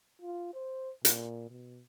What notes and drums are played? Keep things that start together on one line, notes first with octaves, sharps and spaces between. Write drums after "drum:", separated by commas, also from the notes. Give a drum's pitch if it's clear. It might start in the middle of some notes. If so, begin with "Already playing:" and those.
F4
C5
A#2, drum: hi-hat
B2